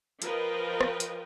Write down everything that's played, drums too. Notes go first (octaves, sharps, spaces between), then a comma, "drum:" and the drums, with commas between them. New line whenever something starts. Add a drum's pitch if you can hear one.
F3 A#4 B4 D#5 G5, drum: hi-hat
drum: rim click
drum: hi-hat